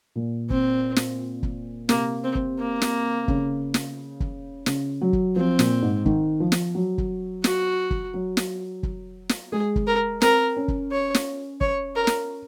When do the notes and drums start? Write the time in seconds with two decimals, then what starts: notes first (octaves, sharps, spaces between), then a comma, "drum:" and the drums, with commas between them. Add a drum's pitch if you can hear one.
0.16 A#2
0.50 C4, drum: kick
0.96 drum: snare
1.43 drum: kick
1.89 C3 A#3, drum: snare
2.24 C4
2.35 drum: kick
2.59 A#3
2.82 drum: snare
3.28 C#3, drum: kick
3.74 drum: snare
4.20 drum: kick
4.66 C#3, drum: snare
5.01 F#3
5.13 drum: kick
5.36 F3 C4
5.59 A#2, drum: snare
5.82 G#2
6.05 D#3, drum: kick
6.40 F3
6.52 drum: snare
6.75 F#3
6.98 drum: kick
7.44 F#4, drum: snare
7.91 drum: kick
8.14 F#3
8.37 drum: snare
8.83 drum: kick
9.29 drum: snare
9.52 G#3 G#4
9.76 drum: kick
9.87 A#4
10.22 C4 A#4, drum: snare
10.57 C#4
10.68 drum: kick
10.91 C#5
11.14 drum: snare
11.61 C#5, drum: kick
11.96 A#4
12.07 drum: snare